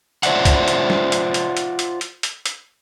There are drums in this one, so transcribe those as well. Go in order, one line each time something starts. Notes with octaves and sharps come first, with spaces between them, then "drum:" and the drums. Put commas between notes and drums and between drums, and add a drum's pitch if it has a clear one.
F4 C5 D5 E5 F#5, drum: hi-hat
drum: kick C2, hi-hat
drum: hi-hat
drum: snare
drum: hi-hat
drum: hi-hat
drum: hi-hat
drum: hi-hat
drum: hi-hat
drum: hi-hat
drum: hi-hat